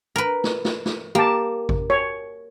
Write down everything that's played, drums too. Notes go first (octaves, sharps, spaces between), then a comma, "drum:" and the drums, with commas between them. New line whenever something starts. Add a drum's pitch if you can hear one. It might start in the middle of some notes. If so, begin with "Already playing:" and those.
A#4 B4
drum: snare
drum: snare
drum: snare
A#3 G4 A5
drum: kick G#1
C#5